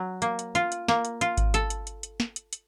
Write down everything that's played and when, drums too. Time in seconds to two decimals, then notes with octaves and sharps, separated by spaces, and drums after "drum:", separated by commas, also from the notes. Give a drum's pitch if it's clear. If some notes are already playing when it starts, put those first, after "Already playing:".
Already playing: F#3
0.22 A#3, drum: hi-hat
0.39 drum: hi-hat
0.55 F4, drum: hi-hat
0.72 drum: hi-hat
0.88 A#3, drum: snare
1.05 drum: hi-hat
1.21 F4, drum: hi-hat
1.37 drum: kick G#1, hi-hat
1.54 A4, drum: hi-hat
1.70 drum: hi-hat
1.87 drum: hi-hat
2.03 drum: hi-hat
2.20 drum: snare
2.36 drum: hi-hat
2.53 drum: hi-hat